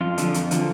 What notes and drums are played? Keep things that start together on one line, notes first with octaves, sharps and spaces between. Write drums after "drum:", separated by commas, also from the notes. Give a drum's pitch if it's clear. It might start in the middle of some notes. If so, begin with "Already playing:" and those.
F2 F4
D3 F3, drum: hi-hat
F2, drum: hi-hat
D3 F3, drum: hi-hat